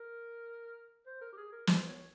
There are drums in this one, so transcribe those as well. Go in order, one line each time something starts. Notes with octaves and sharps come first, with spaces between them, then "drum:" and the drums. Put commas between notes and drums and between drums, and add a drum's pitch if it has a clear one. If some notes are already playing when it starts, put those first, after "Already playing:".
Already playing: A#4
C5
A#4
G4
G#4
A#4
C5, drum: snare
C#5